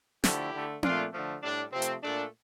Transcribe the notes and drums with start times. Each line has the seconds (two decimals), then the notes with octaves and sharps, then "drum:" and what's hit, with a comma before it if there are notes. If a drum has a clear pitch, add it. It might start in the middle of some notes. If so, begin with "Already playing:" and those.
0.24 D3 F3 A3 E4 G4, drum: snare
0.53 D3 A3
0.83 A#2 A3 D4 F4, drum: tom C4
1.13 D3 F3 A3
1.43 A2 G3 D4
1.72 C3 F3 A3 C4
1.82 drum: hi-hat
2.02 A#2 A3 D4